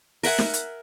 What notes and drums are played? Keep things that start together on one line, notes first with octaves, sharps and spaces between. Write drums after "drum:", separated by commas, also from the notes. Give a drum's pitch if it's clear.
A#4 E5 F#5 G#5, drum: open hi-hat
drum: snare
drum: hi-hat